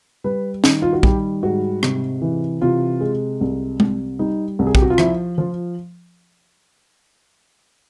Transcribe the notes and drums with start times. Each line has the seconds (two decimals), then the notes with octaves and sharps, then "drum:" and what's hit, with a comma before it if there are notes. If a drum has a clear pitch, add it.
0.24 G3 B4
0.64 D#3, drum: snare
0.82 F4
0.93 F#4
1.03 G3 G4, drum: kick
1.43 G#2 F#4
1.83 C3, drum: rim click
2.22 E3
2.62 C3 F4
3.00 G#3
3.41 C2
3.80 C2, drum: tom G#3
4.19 G3 D#4
4.59 C2
4.67 G#4
4.75 G4, drum: kick
4.82 F#4
4.90 F4
4.98 F3 E4, drum: rim click
5.38 F3 F4